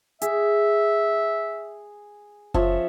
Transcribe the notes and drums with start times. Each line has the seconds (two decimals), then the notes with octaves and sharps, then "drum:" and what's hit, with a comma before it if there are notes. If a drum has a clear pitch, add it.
0.22 G#4 E5, drum: hi-hat
2.54 F3 C#5 E5, drum: kick F#1